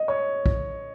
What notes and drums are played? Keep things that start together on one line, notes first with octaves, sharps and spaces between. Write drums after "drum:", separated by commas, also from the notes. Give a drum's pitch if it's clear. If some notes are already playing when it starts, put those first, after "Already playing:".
Already playing: D#5
C#5
drum: kick